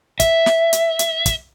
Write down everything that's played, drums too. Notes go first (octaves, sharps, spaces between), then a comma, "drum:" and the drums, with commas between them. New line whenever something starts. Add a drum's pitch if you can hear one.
E5, drum: kick, hi-hat
drum: snare
drum: hi-hat
drum: hi-hat
drum: kick, hi-hat